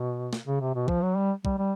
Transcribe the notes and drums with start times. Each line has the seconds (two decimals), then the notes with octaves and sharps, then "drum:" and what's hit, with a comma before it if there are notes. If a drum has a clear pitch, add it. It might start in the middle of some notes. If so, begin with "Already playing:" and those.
Already playing: B2
0.33 drum: snare
0.47 C#3
0.61 C3
0.75 B2
0.88 F3, drum: kick
1.03 F#3
1.17 G3
1.45 G3, drum: kick
1.58 G3